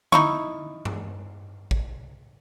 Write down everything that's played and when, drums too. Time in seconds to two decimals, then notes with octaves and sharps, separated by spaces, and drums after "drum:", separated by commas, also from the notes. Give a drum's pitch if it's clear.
0.12 D#4 E4 C#6, drum: tom D3
0.85 drum: tom G2
1.71 drum: kick A1